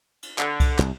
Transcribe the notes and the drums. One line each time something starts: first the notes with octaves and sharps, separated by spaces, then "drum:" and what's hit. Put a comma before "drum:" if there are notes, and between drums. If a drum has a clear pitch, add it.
drum: cymbal
D3, drum: clap
drum: kick C2, cymbal
C2, drum: clap